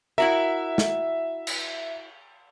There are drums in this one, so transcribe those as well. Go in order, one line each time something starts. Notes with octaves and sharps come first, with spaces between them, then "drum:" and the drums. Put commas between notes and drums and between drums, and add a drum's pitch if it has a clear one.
E4 F#4 A#4 E5
drum: snare
drum: cymbal